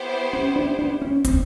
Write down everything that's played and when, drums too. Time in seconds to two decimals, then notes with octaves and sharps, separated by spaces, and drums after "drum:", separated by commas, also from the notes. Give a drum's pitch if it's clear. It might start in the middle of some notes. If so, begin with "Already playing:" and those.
Already playing: B3 E4 G4 C5
0.33 C#4
0.56 D4
0.79 D4
1.02 C#4
1.25 C4, drum: kick, hi-hat